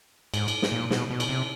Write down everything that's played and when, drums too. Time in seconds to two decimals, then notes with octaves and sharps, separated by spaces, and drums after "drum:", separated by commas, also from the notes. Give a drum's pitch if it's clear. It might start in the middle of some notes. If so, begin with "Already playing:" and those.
0.34 G#2, drum: cymbal
0.48 drum: cymbal
0.62 drum: snare
0.72 A#2
0.91 B2, drum: snare
1.10 B2
1.20 drum: cymbal
1.29 C3